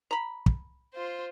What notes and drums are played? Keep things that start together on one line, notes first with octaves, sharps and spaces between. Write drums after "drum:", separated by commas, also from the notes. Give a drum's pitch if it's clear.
A#5 B5
drum: kick
F4 C5